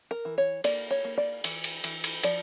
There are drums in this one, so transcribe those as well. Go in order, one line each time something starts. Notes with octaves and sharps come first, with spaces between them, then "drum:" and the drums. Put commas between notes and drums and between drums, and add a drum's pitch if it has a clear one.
A#4
E3
C#5
A#3 D5, drum: cymbal
C#5
A#3
D5
E3, drum: cymbal
drum: cymbal
E3, drum: cymbal
drum: cymbal
F3 D5, drum: cymbal